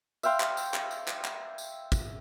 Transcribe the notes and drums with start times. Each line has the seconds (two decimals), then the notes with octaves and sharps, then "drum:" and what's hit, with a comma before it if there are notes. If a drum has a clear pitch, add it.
0.23 E5 F5 G5 C6, drum: tambourine
0.40 drum: clap
0.57 drum: tambourine
0.74 drum: clap
0.91 drum: tambourine
1.08 drum: clap
1.24 drum: clap
1.58 drum: tambourine
1.92 drum: kick, tambourine